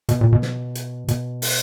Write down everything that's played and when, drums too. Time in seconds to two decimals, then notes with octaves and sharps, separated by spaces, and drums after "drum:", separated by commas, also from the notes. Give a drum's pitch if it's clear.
0.09 B2, drum: hi-hat
0.21 A#2
0.33 B2
0.42 drum: snare
0.75 drum: hi-hat
1.08 B2, drum: hi-hat
1.42 drum: open hi-hat